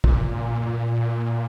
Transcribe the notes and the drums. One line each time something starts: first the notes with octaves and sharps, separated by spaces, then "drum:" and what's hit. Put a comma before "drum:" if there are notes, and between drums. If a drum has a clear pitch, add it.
A#2, drum: kick